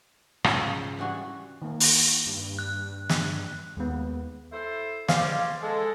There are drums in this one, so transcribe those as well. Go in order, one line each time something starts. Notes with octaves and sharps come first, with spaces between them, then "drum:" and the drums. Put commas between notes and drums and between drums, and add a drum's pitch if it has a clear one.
G#2 C#3 F3, drum: rim click
E3 G3 F#4 G#4
D#3 A#3
drum: open hi-hat
G2
F#6
drum: snare
D#2 G#3 B3
E4 A4 C5
C#2 C#4 C5 D5 F5, drum: snare
G#3 A4